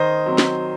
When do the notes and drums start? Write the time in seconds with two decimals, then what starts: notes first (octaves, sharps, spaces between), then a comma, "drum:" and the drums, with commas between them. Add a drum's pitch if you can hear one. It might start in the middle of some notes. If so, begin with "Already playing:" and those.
Already playing: D#3 C5 D#5
0.26 F#3 C4
0.38 drum: snare